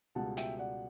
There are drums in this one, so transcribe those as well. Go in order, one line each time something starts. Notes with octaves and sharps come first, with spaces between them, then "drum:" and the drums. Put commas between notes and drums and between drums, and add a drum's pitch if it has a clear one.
C#2 B2 G3 F#5 A5
E5 G5, drum: tambourine
D5 F#5